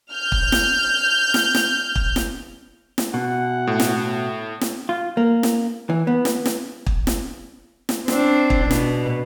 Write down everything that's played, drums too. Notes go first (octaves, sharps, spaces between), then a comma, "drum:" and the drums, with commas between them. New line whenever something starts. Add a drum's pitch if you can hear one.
F6 G6
drum: kick
drum: snare
drum: snare
drum: snare
drum: kick
drum: snare
drum: snare
B2 F#5
A2
drum: snare
drum: snare
F4
A#3
drum: snare
E3
B3
drum: snare
drum: snare
drum: kick
drum: snare
drum: snare
C4 D4, drum: snare
drum: kick
B2, drum: snare